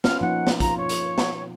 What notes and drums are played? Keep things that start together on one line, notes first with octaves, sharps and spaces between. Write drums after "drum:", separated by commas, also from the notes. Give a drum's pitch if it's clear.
C#4 F4 B4 F6, drum: snare
F3 A#3 D#4 F#5
drum: snare
F4 A#5, drum: kick, hi-hat
C#5
drum: hi-hat
drum: snare